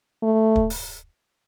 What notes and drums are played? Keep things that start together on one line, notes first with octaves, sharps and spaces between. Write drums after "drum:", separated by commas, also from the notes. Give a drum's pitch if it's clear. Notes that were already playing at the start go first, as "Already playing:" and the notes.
A3
drum: kick
drum: open hi-hat